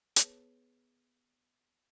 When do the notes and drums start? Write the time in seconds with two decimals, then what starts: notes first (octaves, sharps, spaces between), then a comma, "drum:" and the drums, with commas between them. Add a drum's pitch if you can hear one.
0.16 B3 G#4 B4 C#5 A5, drum: hi-hat